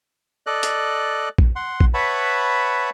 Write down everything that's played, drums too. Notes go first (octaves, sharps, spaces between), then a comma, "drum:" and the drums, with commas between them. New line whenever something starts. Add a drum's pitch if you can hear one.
A4 D5 D#5 F#6
drum: hi-hat
drum: kick A#1
F#5 C6
drum: kick A#1
B4 C#5 E5 F#5 A5 B5